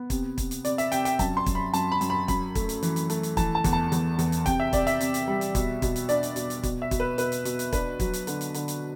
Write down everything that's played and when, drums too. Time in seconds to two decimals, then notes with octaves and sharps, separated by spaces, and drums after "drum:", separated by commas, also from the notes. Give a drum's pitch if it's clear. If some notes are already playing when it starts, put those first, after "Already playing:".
Already playing: B3
0.10 C3, drum: kick, hi-hat
0.38 C3, drum: kick, hi-hat
0.51 drum: hi-hat
0.65 C3 D5, drum: hi-hat
0.78 E5, drum: hi-hat
0.92 C3 G5, drum: hi-hat
1.05 G5, drum: hi-hat
1.19 F#2 A5, drum: kick, hi-hat
1.37 C6
1.46 F#2, drum: kick, hi-hat
1.55 B5
1.73 F#2 A5, drum: hi-hat
1.92 B5
2.01 F#2, drum: hi-hat
2.10 B5
2.28 F#2 B5, drum: kick, hi-hat
2.55 A3, drum: kick, hi-hat
2.69 drum: hi-hat
2.83 E3, drum: hi-hat
2.96 drum: hi-hat
3.10 A3, drum: hi-hat
3.23 drum: hi-hat
3.37 E3 A5, drum: kick, hi-hat
3.55 A5
3.64 E2, drum: kick, hi-hat
3.73 A5
3.92 E2, drum: hi-hat
4.19 E2, drum: hi-hat
4.32 drum: hi-hat
4.46 C3 G5, drum: kick, hi-hat
4.60 E5
4.73 C3 D5, drum: kick, hi-hat
4.87 E5, drum: hi-hat
5.01 C3, drum: hi-hat
5.14 drum: hi-hat
5.27 G3
5.41 drum: hi-hat
5.55 B2, drum: kick, hi-hat
5.82 B2, drum: kick, hi-hat
5.96 drum: hi-hat
6.09 D4 D5, drum: hi-hat
6.23 drum: hi-hat
6.36 B2, drum: hi-hat
6.50 drum: hi-hat
6.63 B2, drum: kick, hi-hat
6.82 E5
6.91 B2, drum: kick, hi-hat
7.00 B4
7.18 B2 B4, drum: hi-hat
7.32 drum: hi-hat
7.45 B2, drum: hi-hat
7.59 drum: hi-hat
7.72 D4 B4, drum: kick, hi-hat
8.00 F#3, drum: kick, hi-hat
8.13 drum: hi-hat
8.27 D3, drum: hi-hat
8.41 drum: hi-hat
8.54 D3, drum: hi-hat
8.68 drum: hi-hat